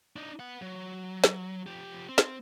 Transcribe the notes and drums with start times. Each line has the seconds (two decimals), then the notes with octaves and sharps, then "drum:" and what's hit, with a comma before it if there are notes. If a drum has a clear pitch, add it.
0.16 D4 D#4
0.40 B4 F#5
0.62 F#3
1.24 drum: snare
1.67 F3 G4
2.09 C4
2.18 drum: snare